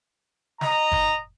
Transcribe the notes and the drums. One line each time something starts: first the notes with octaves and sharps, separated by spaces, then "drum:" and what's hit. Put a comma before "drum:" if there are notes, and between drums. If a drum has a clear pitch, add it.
D#5 A#5, drum: snare
drum: kick